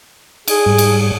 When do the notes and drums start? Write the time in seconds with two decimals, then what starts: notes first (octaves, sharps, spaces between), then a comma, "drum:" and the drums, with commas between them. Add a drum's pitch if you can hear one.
0.48 G#4, drum: cymbal
0.66 G#2 G3
0.78 drum: cymbal